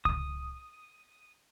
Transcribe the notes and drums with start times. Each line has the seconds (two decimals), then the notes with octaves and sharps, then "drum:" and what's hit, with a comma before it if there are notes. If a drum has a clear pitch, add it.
0.05 D#6, drum: kick C#2